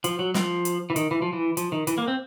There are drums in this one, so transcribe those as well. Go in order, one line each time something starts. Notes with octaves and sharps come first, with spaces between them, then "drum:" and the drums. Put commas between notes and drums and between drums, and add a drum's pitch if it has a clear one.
F3, drum: hi-hat
F#3
F3, drum: snare
drum: hi-hat
E3
D#3, drum: hi-hat
E3
F3
E3
F3, drum: hi-hat
D#3
E3, drum: hi-hat
A#3
C4